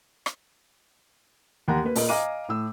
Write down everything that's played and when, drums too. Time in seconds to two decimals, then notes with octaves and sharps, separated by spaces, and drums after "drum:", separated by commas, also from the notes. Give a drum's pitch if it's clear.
0.26 drum: rim click
1.68 D#2 F#5 A#5
1.83 A#3 B4
1.95 A#2 A#4 D#5, drum: open hi-hat
2.09 D#5 F5 G#5 A#5 D6 D#7
2.49 A2 E6